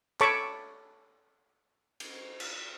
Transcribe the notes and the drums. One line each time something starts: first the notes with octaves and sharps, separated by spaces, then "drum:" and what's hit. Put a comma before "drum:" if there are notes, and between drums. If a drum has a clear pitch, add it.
A4 C#5 A5 B5 C#6 D6, drum: clap
drum: cymbal
drum: cymbal